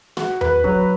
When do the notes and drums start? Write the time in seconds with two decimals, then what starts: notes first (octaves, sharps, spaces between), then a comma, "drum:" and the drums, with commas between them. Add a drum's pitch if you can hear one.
0.17 F#4, drum: snare
0.41 B4, drum: tom E2
0.64 F#3, drum: kick